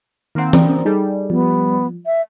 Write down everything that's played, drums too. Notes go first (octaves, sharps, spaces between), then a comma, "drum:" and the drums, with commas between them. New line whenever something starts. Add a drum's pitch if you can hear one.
D#3 A#3 C4 F#5
D5 A#5, drum: tom E3
G3 D#4 G#4 A4
F3 B3
E5